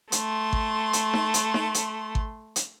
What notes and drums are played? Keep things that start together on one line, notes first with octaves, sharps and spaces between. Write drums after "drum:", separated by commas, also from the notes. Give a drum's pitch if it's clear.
A3 C6, drum: hi-hat
drum: kick G#1
drum: hi-hat
drum: snare D#4
drum: hi-hat
drum: snare D#4
drum: hi-hat
drum: kick G#1
drum: hi-hat